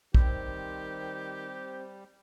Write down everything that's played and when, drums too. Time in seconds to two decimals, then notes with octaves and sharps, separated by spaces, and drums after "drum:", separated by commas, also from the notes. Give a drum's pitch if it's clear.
0.14 D#3 G3 C4 G4, drum: kick